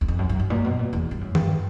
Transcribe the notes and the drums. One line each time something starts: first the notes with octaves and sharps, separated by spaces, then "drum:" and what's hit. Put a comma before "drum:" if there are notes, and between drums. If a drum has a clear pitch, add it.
E2
F2
F#2
F#2
G2
A#2
B2
A#2
E2
G2
F#2
G2, drum: tom D#3